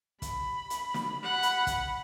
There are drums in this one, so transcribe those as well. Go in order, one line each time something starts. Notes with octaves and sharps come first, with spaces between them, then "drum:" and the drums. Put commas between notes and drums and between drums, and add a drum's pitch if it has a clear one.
B5, drum: kick, hi-hat
drum: hi-hat
drum: snare
F#5 B5
drum: hi-hat
drum: kick, hi-hat